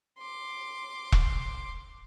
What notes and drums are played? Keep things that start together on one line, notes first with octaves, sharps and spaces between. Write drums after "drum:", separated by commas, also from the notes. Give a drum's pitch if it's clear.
C6 D6
drum: kick E1